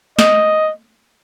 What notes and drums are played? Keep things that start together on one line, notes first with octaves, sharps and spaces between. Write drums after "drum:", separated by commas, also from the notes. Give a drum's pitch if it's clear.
D#5, drum: snare